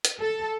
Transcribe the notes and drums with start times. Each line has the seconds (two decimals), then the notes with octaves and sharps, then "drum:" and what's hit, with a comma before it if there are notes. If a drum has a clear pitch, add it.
0.05 drum: hi-hat
0.20 A4